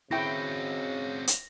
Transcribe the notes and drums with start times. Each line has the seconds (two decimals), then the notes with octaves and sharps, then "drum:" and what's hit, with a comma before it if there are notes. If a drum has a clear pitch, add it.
0.11 C#3 C4 E4 F#4 G5 A#6
1.27 drum: hi-hat